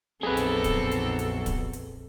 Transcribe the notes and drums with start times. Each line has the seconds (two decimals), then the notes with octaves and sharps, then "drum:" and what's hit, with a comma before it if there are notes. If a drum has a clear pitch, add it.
0.23 A#1 F2 F#3 B3 C4 G#4 A4 B4
0.37 drum: hi-hat
0.64 drum: kick, hi-hat
0.91 drum: hi-hat
1.19 drum: hi-hat
1.46 drum: kick, hi-hat
1.73 drum: hi-hat